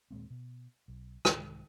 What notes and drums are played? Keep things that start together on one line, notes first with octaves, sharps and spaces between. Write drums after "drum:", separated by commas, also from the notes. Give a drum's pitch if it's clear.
D#2 A#2 G#3 C4
B2
B1
C2 G#2 D#3 G#3, drum: rim click